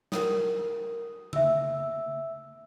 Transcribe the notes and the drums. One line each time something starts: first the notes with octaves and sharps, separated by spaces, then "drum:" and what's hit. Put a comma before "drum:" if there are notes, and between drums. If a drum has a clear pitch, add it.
A#4 D#6, drum: snare
E5 E6, drum: tom C#3